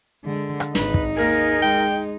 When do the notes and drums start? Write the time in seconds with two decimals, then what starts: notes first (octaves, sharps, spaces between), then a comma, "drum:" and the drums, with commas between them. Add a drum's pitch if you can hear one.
0.25 D3 G#3
0.60 drum: rim click
0.75 G#1 D#4 B4, drum: snare
0.94 drum: kick
1.17 D#2 A#3 G#4 A#4
1.62 G#3 G5